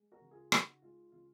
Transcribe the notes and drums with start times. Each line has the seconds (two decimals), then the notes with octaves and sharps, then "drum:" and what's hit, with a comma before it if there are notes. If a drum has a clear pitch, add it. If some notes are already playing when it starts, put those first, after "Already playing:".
Already playing: G#3
0.12 F#4 A#4
0.21 C#3
0.31 F4 G#4
0.52 D#4 F#4, drum: rim click
0.82 G#3 F4
1.12 C#3 F4